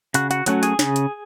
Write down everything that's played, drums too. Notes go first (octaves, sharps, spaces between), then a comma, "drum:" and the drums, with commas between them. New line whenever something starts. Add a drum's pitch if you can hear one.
C#3 F#4 F#5, drum: hi-hat
F#4 F#5, drum: hi-hat
F#3 A3 C#4 F#4 F#5, drum: hi-hat
G#4 G#5, drum: hi-hat
C#3, drum: snare
drum: hi-hat